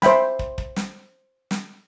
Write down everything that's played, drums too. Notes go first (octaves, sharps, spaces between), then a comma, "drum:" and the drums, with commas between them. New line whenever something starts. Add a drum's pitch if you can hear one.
C5 E5 G5 B5, drum: snare
drum: kick
drum: kick
drum: snare
drum: snare